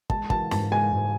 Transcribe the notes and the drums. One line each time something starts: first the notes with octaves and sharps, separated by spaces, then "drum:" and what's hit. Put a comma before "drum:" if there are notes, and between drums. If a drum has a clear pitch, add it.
G#3 A5, drum: kick
E3 A5, drum: kick
G#2 A5, drum: snare
G#3 G#5
G#2